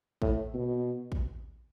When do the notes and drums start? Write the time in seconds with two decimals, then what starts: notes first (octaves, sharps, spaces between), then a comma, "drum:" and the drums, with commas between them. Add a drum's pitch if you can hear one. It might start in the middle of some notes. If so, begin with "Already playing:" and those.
0.22 A2, drum: kick
0.54 B2
1.12 drum: kick